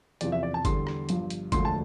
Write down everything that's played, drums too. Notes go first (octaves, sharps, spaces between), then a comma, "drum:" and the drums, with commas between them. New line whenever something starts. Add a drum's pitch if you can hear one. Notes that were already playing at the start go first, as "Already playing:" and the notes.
E2 C3 F3 D5, drum: hi-hat
E5
D5
A5
E2 D3 G3 C6, drum: kick G1, hi-hat
drum: rim click
G1 G2 F3, drum: hi-hat
drum: hi-hat
E1 D2 D3 F3 C6, drum: kick G1, hi-hat
A5